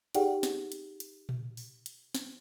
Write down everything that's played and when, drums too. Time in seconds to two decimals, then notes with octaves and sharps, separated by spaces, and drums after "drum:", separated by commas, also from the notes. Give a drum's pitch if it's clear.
0.15 D#4 G4 G#4 D5 F#5 G5, drum: hi-hat
0.43 drum: snare
0.72 drum: hi-hat
1.00 drum: hi-hat
1.29 drum: tom A#2
1.57 drum: open hi-hat
1.86 drum: hi-hat
2.15 drum: snare